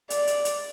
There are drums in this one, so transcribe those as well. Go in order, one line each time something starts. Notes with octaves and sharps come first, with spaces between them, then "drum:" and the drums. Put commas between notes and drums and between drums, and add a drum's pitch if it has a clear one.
D5, drum: hi-hat
drum: hi-hat
drum: hi-hat